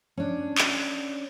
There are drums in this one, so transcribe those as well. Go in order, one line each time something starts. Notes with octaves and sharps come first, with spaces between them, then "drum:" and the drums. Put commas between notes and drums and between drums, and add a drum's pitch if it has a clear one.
C#4 D4
drum: clap